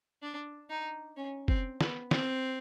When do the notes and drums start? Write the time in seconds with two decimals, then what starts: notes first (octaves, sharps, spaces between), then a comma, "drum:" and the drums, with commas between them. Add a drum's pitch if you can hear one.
0.22 D4
0.70 D#4
1.17 C#4
1.48 C4, drum: kick
1.81 B3, drum: snare
2.11 C4, drum: snare